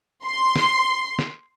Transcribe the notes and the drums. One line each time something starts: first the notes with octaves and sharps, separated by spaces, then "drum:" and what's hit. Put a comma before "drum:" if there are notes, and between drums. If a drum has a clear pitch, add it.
C6
drum: snare
drum: snare